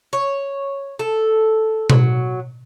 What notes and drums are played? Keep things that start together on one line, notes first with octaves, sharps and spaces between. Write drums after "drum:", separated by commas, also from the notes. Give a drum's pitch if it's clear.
C#5
A4
F#3, drum: tom B2